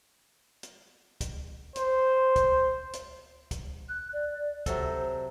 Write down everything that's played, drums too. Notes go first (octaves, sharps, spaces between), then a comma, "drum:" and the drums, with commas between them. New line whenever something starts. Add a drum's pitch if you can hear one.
drum: hi-hat
drum: kick, hi-hat
C5, drum: hi-hat
drum: kick, hi-hat
drum: hi-hat
drum: kick, hi-hat
F#6
D5
C3 F#3 A4 C5, drum: kick, hi-hat